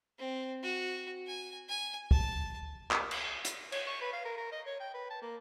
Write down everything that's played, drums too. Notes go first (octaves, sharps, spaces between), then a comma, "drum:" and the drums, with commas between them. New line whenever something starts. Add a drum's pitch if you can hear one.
C4
F#4
G#5
G#5
A5, drum: kick
drum: clap
drum: cymbal
drum: hi-hat
C#5, drum: cymbal
C#6
B4
F5
A#4
A#4
D#5
C#5
G5
B4
A5
A#3